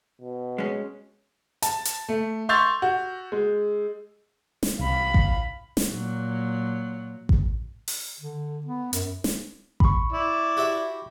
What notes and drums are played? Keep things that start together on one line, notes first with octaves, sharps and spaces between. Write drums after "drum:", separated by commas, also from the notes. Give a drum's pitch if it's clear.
B2
G#3 C#4
A5, drum: hi-hat
drum: hi-hat
A3
C6 C#6 E6 G6 A6 F7
F#4
G#3
drum: snare
C2 F5 B5
drum: kick A1
drum: snare
A#2 F#3
drum: kick A1
drum: open hi-hat
D3
B3
F#2, drum: hi-hat
drum: snare
B5 C#6, drum: kick A1
E4 D5
F#4 G4 E5